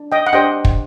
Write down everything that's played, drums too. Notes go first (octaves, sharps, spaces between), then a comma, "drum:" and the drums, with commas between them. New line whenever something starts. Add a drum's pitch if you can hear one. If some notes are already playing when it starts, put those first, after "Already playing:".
Already playing: D4
D#5 G5
F#5
D4 G4 C5 D#5 G5
drum: kick